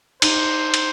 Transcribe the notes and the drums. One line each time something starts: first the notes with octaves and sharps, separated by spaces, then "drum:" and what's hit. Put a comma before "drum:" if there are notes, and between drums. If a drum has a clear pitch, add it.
D#4 C5, drum: cymbal
drum: cymbal